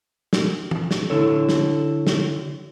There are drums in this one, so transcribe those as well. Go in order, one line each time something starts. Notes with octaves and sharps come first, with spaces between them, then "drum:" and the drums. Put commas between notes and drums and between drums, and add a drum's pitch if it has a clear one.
drum: snare
drum: tom
drum: snare
D3 E4 A4 C#5
drum: snare
drum: snare